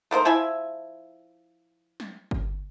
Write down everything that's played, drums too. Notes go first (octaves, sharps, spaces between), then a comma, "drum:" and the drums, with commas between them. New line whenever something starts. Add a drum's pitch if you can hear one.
A3 A#3 D#4 C5
F3 E4 E5 G#5
drum: snare
drum: kick G1